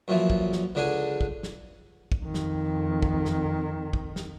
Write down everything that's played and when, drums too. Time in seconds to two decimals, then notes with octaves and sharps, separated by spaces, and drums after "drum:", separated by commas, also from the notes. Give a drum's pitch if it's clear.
0.08 F#2 A#2 E3 F3
0.30 drum: kick
0.52 drum: snare
0.75 C#2 D3 D4 G#4
1.21 drum: kick
1.43 drum: snare
2.12 drum: kick
2.22 F2 D#3
2.34 drum: snare
3.02 drum: kick
3.25 drum: snare
3.93 drum: kick
4.16 drum: snare